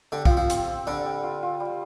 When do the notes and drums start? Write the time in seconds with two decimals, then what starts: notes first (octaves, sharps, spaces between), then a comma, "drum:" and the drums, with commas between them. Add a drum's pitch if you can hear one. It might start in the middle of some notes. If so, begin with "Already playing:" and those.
0.12 D3 G4
0.25 F3, drum: kick B1
0.31 C4
0.37 F3
0.50 C4, drum: hi-hat
0.68 C4
0.87 D3 G3
1.05 G3
1.24 F4
1.43 F4
1.60 G3